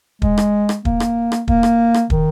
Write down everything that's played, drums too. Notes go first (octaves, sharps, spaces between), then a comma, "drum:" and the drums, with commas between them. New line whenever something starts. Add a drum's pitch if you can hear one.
G#3, drum: kick
drum: rim click
drum: rim click
A#3, drum: kick
drum: rim click
drum: rim click
A#3, drum: kick
drum: rim click
drum: rim click
D#3, drum: kick